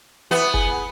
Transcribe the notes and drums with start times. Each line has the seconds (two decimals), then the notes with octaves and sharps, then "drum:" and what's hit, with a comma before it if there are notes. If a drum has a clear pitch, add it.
0.31 E3 B3
0.54 G#4, drum: kick F1